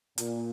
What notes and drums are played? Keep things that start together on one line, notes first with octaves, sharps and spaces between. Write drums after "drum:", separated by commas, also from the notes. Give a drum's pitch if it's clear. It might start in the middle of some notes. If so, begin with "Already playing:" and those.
A#2, drum: hi-hat